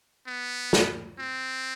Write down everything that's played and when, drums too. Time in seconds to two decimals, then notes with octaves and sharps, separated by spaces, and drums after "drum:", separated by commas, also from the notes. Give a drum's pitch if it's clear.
0.27 B3
0.73 drum: snare
1.19 C4